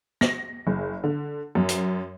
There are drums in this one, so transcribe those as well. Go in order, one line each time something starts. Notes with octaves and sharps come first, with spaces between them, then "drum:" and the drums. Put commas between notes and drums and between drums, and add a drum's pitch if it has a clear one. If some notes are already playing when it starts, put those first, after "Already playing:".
A#6, drum: snare
F#1
D3
F#2
drum: hi-hat